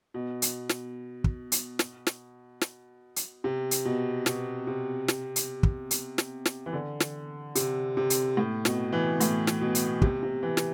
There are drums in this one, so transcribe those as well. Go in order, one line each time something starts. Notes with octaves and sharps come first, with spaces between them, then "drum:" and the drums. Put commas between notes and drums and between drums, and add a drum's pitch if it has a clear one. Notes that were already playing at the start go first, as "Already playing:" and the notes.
B2
drum: hi-hat
drum: snare
drum: kick
drum: hi-hat
drum: snare
drum: snare
drum: snare
drum: hi-hat
C3
drum: hi-hat
B2
B2, drum: snare
C3
drum: snare
drum: hi-hat
drum: kick
drum: hi-hat
drum: snare
drum: snare
E3
D3
drum: snare
C3, drum: hi-hat
C3
drum: hi-hat
A2
B2, drum: snare
E3
A2, drum: hi-hat
drum: snare
B2
drum: hi-hat
C3, drum: kick
C3
E3
drum: snare